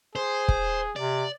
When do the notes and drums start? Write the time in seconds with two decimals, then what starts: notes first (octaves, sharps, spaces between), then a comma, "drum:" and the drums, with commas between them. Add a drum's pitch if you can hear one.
0.16 G#4 C5
0.48 drum: kick
0.96 C3 D5